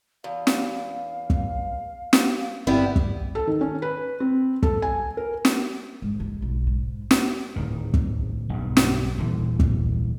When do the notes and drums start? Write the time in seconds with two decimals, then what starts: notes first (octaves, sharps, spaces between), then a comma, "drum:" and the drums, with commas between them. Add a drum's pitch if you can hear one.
0.24 E2 F5
0.47 drum: snare
1.30 drum: kick
2.13 drum: snare
2.67 G1 G3 B3 C4 E4
2.96 drum: kick
3.35 A4
3.47 D#3
3.61 C#4
3.82 B4
4.20 C4
4.63 A4, drum: kick
4.82 G#5
5.17 A#4
5.45 drum: snare
6.02 G#2
6.20 D#2
6.42 B1
6.67 G#2
7.11 drum: snare
7.56 D1 D#3
7.94 drum: kick
8.49 B1 G2
8.77 drum: snare
9.18 D#1 D3 E3
9.60 drum: kick